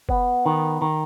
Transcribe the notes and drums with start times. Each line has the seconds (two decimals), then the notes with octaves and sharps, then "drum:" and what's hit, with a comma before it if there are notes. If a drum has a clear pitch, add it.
0.09 B3, drum: kick
0.46 D#3
0.82 D#3